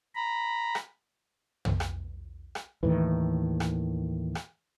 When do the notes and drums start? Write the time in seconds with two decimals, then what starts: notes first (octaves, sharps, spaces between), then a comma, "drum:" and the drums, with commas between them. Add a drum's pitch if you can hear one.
0.15 A#5 B5
0.75 drum: rim click
1.65 drum: tom
1.80 drum: rim click
2.55 drum: rim click
2.83 D#2 A2 D#3 E3
3.60 drum: rim click
4.35 drum: rim click